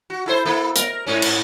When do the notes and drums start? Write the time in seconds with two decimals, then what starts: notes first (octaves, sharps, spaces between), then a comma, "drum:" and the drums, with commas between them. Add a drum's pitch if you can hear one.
0.10 F#4
0.26 E4 A4 C5
0.45 A#3 E4 A4
0.76 A#4, drum: hi-hat
1.07 G#2 C#4
1.22 drum: cymbal